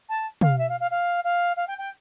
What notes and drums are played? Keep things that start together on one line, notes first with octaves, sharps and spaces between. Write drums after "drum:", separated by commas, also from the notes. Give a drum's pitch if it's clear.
A5
F5, drum: tom
E5
F5
F5
F5
F5
F5
G5
G5